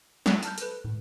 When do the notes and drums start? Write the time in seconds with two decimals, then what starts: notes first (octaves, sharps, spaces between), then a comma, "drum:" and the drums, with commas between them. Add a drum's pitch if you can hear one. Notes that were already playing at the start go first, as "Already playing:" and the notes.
0.26 E6 F#6, drum: snare
0.43 A5 F6 G6, drum: hi-hat
0.58 A4 B4, drum: hi-hat
0.84 A2